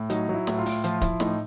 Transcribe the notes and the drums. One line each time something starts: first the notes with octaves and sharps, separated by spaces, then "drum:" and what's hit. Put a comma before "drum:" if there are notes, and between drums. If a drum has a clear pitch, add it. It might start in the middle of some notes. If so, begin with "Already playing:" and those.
Already playing: A2
F#3 D#4, drum: hi-hat
F#3 E4
A2, drum: snare
F4
A2, drum: open hi-hat
F3 F4, drum: hi-hat
F3 E4, drum: kick D1, hi-hat
A2 D#4, drum: snare